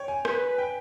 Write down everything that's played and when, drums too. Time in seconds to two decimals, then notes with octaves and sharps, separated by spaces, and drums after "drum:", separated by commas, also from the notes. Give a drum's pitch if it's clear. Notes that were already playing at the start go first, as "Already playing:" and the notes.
Already playing: C#5 G5
0.08 G#5
0.25 B4, drum: rim click
0.58 G5